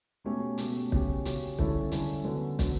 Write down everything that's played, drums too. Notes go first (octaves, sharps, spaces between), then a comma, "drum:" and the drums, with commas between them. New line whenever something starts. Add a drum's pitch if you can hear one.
B2 A3 C#4 G4
B2 A3 C#4 G4, drum: hi-hat
C#3 F#3 C#4 G4, drum: kick
C#3 F#3 C#4 G4, drum: hi-hat
D3 G3 C#4 E4 A4, drum: kick
D3 G3 C#4 E4 A4, drum: hi-hat
D3 F#3 B3
D3 F#3 B3, drum: kick, hi-hat